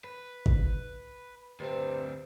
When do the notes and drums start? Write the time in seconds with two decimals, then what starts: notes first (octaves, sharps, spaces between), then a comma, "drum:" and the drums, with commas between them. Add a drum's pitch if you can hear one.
0.04 B4
0.46 drum: kick
1.60 D2 G2 C3 C4